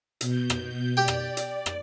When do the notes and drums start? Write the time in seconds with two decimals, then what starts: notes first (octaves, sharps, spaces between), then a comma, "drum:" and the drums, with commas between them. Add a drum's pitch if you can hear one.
0.21 B2 G6, drum: hi-hat
0.50 drum: rim click
0.97 G4 D5 G5
1.08 drum: rim click
1.37 drum: hi-hat
1.66 drum: rim click